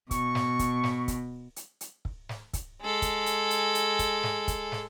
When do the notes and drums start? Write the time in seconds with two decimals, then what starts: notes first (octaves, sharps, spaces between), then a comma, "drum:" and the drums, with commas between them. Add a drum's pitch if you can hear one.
0.11 B2 C#6, drum: kick, hi-hat
0.35 drum: snare
0.59 drum: kick, hi-hat
0.84 drum: snare
1.08 drum: kick, hi-hat
1.56 drum: hi-hat
1.81 drum: hi-hat
2.05 drum: kick
2.29 drum: snare
2.53 drum: kick, hi-hat
2.82 G#3 A4
3.02 drum: kick, hi-hat
3.26 drum: hi-hat
3.51 drum: hi-hat
3.75 drum: hi-hat
3.99 drum: kick, hi-hat
4.23 drum: snare
4.48 drum: kick, hi-hat
4.72 drum: snare